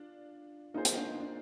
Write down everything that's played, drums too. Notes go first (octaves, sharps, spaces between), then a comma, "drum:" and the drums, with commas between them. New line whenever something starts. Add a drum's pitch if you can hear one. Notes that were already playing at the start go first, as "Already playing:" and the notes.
Already playing: D4 F4
A#3 D#4 F4 G#4 C5
drum: hi-hat
D4
D#4
D4